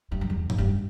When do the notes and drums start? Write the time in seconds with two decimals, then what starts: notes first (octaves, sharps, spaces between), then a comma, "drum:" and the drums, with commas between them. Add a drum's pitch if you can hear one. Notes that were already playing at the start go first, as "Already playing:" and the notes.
0.12 G2
0.21 F2
0.30 E2
0.50 F2, drum: tom G2
0.58 G2